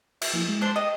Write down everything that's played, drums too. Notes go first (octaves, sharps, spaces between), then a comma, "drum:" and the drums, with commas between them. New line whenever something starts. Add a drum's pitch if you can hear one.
E5, drum: cymbal
F3 A#3 E4
G#3
D4 C5
D#5 G5